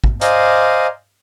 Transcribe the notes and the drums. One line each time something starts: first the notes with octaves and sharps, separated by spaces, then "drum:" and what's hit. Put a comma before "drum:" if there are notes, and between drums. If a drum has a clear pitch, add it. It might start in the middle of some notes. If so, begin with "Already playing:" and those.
drum: kick
C5 D5 D#5 F5 G#5 A#5, drum: hi-hat